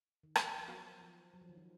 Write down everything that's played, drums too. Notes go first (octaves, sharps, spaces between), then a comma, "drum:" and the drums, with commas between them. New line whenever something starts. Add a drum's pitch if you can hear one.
D#3
F3, drum: rim click
F3
F#3 B3 F#4 A#4 F5
F3
F#3
F3
D#3
F3